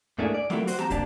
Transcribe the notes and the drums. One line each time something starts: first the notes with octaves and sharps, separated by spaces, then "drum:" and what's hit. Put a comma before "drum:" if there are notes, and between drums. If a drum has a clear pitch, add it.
G#2 A3 A#3 D4 E4 G#4
D5
F#3 A3 A#3 E4 F4 G4, drum: snare
F#4 C5, drum: open hi-hat
G4 A5 A#5, drum: snare
C3 A#3 D4 G4 D5 A5, drum: kick, hi-hat